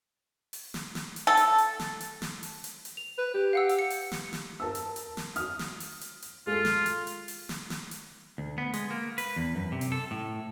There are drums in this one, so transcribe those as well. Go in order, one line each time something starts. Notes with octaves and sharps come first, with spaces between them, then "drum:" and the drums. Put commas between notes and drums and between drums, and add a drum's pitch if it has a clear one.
drum: open hi-hat
drum: snare
drum: snare
drum: hi-hat
A4
drum: hi-hat
drum: hi-hat
drum: snare
drum: hi-hat
drum: snare
drum: open hi-hat
drum: hi-hat
drum: hi-hat
F7
B4
G4
F5 F#5 E6
drum: hi-hat
C#7
drum: open hi-hat
drum: snare
drum: snare
A#4 A5 E6
drum: hi-hat
drum: hi-hat
drum: snare
D#6 F6, drum: hi-hat
drum: snare
drum: open hi-hat
drum: hi-hat
drum: hi-hat
G#3 F4 A4
drum: snare
drum: hi-hat
drum: hi-hat
drum: open hi-hat
drum: snare
drum: snare
drum: hi-hat
D2
B3
G#3, drum: hi-hat
A#3
B4, drum: open hi-hat
E2
F#2
C3
drum: hi-hat
A4
A2